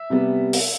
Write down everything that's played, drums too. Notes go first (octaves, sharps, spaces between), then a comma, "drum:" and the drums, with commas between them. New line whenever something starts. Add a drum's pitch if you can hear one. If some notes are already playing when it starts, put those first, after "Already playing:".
Already playing: E5
C3 G3 B3
drum: open hi-hat